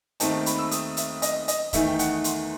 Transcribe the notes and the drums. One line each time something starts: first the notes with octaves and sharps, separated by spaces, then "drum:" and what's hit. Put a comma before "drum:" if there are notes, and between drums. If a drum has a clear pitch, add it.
D#2 D#3 A3 C4 D#4 A5, drum: hi-hat
B5, drum: hi-hat
E6
D#6, drum: hi-hat
E5, drum: hi-hat
D#5, drum: hi-hat
D#5, drum: hi-hat
E2 D#3 A3 D#4 E5, drum: kick, hi-hat
G5
F#5, drum: hi-hat
C6, drum: hi-hat